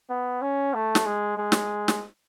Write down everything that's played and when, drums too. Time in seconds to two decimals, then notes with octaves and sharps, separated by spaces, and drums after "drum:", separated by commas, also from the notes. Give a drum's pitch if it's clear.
0.10 B3
0.42 C#4
0.74 A3
0.95 drum: snare
1.05 G#3
1.37 G#3
1.52 drum: snare
1.88 drum: snare